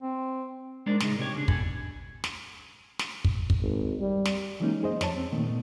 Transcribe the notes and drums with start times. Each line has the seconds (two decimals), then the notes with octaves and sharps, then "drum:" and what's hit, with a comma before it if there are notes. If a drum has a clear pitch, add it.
0.02 C4
0.86 G#3 D4 D#4 A#4 C5 D5
1.00 A2 C#3 G#3 D#4, drum: snare
1.19 C3 G4 C#5
1.34 C#3 C#4 D4
1.48 B2 A4 G#5 B5, drum: kick
2.24 drum: snare
2.99 drum: snare
3.25 drum: kick
3.50 drum: kick
3.60 G#1
4.00 G3
4.25 drum: snare
4.60 E3 F#3 G#3 A#3 C#4 D#4
4.83 G#4 C5 D#5
5.01 F2 C#5 A5, drum: snare
5.16 C4
5.32 A#2 D#3 A3 A#3
5.46 A#2 A3 B3